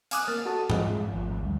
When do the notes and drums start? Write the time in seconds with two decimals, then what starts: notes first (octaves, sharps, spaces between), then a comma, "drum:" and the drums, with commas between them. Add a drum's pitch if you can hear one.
0.11 F5 G#5 D6 D#6 F#6, drum: hi-hat
0.28 A#3 F6 A6
0.45 F#4 A4 A5 D#6
0.70 G2 F3 G#3, drum: tom G#2
1.12 G#1 F3
1.42 D2 G2